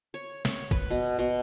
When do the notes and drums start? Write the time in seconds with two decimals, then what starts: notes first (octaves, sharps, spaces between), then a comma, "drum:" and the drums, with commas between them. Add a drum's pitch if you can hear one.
0.14 C#5
0.45 C#5, drum: snare
0.71 B4, drum: kick A1
0.90 B2
1.19 B2